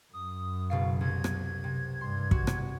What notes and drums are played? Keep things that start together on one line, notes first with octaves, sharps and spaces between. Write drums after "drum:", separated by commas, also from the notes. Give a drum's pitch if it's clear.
F#2 D#6
F#1 B2 F5 C7
C2 G#6
drum: rim click
C3
G2 C6
F#4, drum: kick
drum: rim click